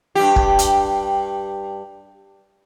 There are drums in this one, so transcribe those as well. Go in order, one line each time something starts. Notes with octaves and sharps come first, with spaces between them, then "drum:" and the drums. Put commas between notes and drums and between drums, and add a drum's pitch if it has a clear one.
G2 G4
drum: kick
drum: hi-hat